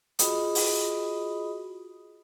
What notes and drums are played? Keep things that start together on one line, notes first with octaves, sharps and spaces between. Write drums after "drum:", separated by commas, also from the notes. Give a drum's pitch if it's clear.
F4 F#4 G#4 D#5 B5 D#6, drum: hi-hat
drum: open hi-hat